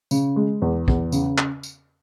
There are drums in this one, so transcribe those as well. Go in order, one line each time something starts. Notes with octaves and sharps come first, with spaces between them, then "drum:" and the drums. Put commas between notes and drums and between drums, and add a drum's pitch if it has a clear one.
C#3, drum: tambourine
G#3
E2
E2, drum: kick
C#3, drum: tambourine
drum: clap
drum: tambourine